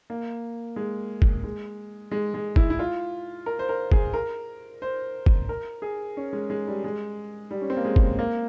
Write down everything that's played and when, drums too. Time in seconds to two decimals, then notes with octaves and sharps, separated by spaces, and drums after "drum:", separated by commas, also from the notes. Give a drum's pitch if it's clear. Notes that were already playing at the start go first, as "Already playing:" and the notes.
0.10 A#3
0.76 G#3
1.22 drum: kick
1.44 G#3
2.11 G#3
2.34 G#3
2.56 E4, drum: kick
2.70 E4
2.79 F4
3.46 A#4
3.59 C5
3.69 A#4
3.92 G#4, drum: kick
4.14 A#4
4.82 C5
5.26 drum: kick
5.49 A#4
5.82 G#4
6.17 C#4
6.33 G#3
6.50 G#3
6.68 G3
6.84 G#3
7.51 G3
7.62 C#4
7.70 C4
7.77 A#3
7.85 G#3
7.96 drum: kick
8.19 A#3